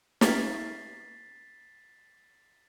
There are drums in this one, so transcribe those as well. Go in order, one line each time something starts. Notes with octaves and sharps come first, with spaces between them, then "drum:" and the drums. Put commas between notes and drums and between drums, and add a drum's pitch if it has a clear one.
A#3 C#4 A6 B6 C7, drum: snare